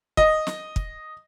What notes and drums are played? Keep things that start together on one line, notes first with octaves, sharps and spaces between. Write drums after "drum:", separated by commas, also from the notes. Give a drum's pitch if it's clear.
D#5, drum: kick
drum: snare
drum: kick